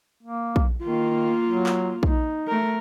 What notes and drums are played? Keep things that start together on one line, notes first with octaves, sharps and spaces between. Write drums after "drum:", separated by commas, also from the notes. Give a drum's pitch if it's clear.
A#3
drum: kick
D#3 A#3 F4
F#3
drum: clap
D#4, drum: kick
A3 A#4